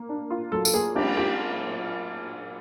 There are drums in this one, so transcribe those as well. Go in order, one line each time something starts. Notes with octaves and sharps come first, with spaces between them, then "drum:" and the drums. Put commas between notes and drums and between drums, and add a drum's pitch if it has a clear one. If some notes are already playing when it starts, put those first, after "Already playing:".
Already playing: A#3
D4
F4
F#3 A4
A4, drum: tambourine
A#3 G#4
D4 G4, drum: cymbal
F4 G4